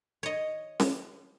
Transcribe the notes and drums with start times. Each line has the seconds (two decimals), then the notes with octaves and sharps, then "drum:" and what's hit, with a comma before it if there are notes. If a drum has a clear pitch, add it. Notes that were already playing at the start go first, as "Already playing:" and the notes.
0.23 C#5 D#5
0.80 drum: snare C#4